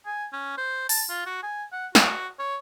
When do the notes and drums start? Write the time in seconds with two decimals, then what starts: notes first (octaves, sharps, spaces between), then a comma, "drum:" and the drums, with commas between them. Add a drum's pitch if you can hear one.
0.06 G#5
0.33 C#4
0.57 C5
0.89 A5, drum: open hi-hat
1.09 F4
1.26 F#4
1.43 G#5
1.73 F#5
1.95 F#4, drum: snare
2.39 C#5